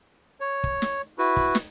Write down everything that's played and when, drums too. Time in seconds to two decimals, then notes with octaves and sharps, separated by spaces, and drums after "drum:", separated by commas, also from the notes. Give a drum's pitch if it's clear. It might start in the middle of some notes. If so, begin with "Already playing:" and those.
0.41 C#5
0.64 drum: kick
0.82 drum: snare
1.18 E4 F#4 B4
1.37 drum: kick
1.55 drum: snare